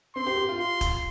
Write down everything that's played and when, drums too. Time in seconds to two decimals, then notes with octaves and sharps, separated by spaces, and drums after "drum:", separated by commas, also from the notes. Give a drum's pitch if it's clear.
0.15 C4 C6
0.26 G4
0.37 G4
0.49 F4
0.58 C6
0.81 drum: kick, hi-hat